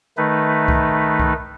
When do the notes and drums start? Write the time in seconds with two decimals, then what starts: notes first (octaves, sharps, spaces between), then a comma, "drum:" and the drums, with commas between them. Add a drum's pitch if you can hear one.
0.17 D#3 A3 D#4 B4
0.68 drum: kick C2
1.19 drum: kick C2